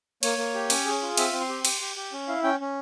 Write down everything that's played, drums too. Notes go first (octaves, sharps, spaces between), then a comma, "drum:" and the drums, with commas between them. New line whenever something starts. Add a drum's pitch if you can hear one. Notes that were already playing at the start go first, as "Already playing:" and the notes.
A#3 C#5, drum: cymbal
A#3
G4
C#4, drum: cymbal
G#4
F4
C4 E5, drum: cymbal
C4
C6
G4
G4, drum: cymbal
G4
G4
C#4
E4 F5
C#4 G5
C#4